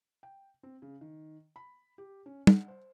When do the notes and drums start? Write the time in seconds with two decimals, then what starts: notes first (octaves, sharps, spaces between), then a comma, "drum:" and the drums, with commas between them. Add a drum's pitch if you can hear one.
0.23 G5
0.63 C4
0.82 C#3
1.01 D#3
1.56 B5
1.98 G4
2.26 C#4
2.47 F#5, drum: tom
2.68 C5